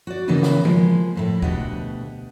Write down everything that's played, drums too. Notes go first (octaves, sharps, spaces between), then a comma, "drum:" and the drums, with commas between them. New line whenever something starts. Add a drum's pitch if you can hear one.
F#4 D5
C#3 E3 A#3 B3 D#4 B4
drum: snare
F3 G#3 A#3, drum: tom D#3
F2 A2 E4
D2 B2 D4 G4 D#5 F#5, drum: kick